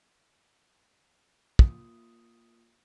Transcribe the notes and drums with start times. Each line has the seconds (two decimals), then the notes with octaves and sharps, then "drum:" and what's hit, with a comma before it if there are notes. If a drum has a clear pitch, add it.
1.59 A#3 F4 D#6, drum: kick